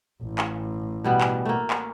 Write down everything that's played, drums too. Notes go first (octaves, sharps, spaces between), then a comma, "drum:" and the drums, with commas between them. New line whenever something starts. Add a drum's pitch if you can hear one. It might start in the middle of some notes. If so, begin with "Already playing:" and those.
A1
drum: clap
B2 G3 B3
drum: clap
A3 A#3
drum: clap